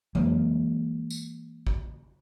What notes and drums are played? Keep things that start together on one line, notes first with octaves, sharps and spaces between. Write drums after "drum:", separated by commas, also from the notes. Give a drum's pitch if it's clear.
E3 F#3 G#3 A#3, drum: tom E2
drum: tambourine
drum: kick